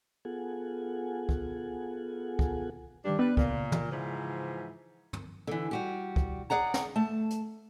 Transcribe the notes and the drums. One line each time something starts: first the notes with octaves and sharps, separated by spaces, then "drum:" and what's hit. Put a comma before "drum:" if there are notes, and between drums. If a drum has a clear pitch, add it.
B3 F4 G#4 A4 F#5 G#5
drum: kick
drum: kick
G2 D#3 G3 D4 G4
G3 B3 D4 B4 D5
A#2 C#3, drum: kick
drum: tom
G#2 E3 F3
drum: tom
D3 E3
G3 F#4 G4
drum: kick
G#4 D5 F#5 A#5
drum: snare
A3 A5
drum: hi-hat